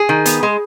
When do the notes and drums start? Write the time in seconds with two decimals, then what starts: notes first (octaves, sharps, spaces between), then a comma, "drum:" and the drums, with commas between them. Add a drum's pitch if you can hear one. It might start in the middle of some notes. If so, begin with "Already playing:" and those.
Already playing: G#4
0.09 D#3
0.25 B3, drum: hi-hat
0.43 G#3